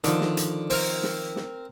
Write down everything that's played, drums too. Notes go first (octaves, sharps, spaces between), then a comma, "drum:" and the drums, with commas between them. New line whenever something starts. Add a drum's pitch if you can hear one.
D3 D#3 F3, drum: hi-hat
drum: snare
drum: hi-hat
C4 A#4, drum: open hi-hat
drum: snare
drum: snare